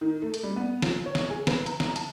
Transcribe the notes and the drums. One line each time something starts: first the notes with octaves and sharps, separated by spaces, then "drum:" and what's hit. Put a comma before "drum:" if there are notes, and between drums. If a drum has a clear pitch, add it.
D#3
A3
drum: hi-hat
G3
B3
F3, drum: snare
C#5
drum: snare
G#4
B4, drum: snare
A#5, drum: hi-hat
drum: snare
A5, drum: hi-hat